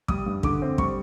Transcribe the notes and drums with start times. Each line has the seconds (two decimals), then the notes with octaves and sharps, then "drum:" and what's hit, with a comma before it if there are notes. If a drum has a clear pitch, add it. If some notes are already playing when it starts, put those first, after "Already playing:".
0.08 G3 D#6, drum: kick
0.26 G2
0.43 D3 D6, drum: kick
0.62 C4
0.78 G3 C#6, drum: kick